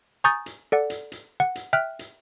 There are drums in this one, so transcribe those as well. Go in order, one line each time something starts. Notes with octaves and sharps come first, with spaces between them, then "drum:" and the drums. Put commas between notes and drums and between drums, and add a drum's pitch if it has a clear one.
G#5 A#5 C#6 D#6 G6 A6
drum: hi-hat
A4 D5 F#5
drum: hi-hat
drum: hi-hat
F#5
drum: hi-hat
E5 G5 F6 F#6
drum: hi-hat